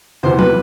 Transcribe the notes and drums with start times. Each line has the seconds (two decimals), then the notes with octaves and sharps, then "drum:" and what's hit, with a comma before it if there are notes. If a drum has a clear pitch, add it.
0.23 E2 C3 E3 C5
0.39 B4, drum: tom